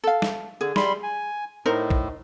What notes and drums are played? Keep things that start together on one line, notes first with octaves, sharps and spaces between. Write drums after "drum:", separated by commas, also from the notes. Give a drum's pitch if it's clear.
A4 F5
drum: snare
D3 G#4
G3 B5 C6, drum: snare
G#5
A2 D#4 A#4 C5
drum: kick